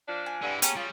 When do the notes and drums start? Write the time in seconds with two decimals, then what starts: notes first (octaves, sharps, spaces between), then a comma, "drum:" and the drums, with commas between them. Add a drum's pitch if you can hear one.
0.08 F3 D4
0.26 G#5
0.42 G2 D3 G#3 E4
0.62 B3 C#4 G4 G#4 A#5, drum: hi-hat
0.76 C#3 G3 F4